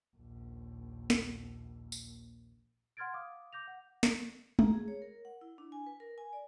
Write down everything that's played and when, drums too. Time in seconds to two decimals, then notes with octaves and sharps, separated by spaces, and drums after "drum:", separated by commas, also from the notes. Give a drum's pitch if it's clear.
0.16 A#1 D#2
1.10 drum: snare
1.92 drum: tambourine
2.97 F#5 C6 F6 G#6 A6 D7
3.13 F5 D6 D#6
3.53 D6 G6 A#6 F7
3.67 F#5
4.03 drum: snare
4.59 A#5, drum: tom G#3
4.73 G#4
4.88 C#5
5.02 A#4
5.25 F#5
5.41 E4
5.58 D4
5.72 G#5
5.87 B4
6.00 A#4
6.18 G#5
6.33 D5